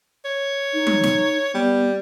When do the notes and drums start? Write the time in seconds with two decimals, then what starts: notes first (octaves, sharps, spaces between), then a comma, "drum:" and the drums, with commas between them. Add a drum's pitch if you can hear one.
0.25 C#5
0.74 D#4
0.87 drum: tom
1.03 drum: snare
1.54 G3 B3